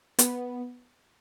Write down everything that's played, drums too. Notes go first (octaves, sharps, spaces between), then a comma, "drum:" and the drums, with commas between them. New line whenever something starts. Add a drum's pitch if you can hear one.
B3, drum: hi-hat